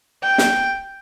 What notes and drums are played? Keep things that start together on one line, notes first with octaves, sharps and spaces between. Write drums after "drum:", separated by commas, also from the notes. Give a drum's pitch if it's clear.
G5
drum: snare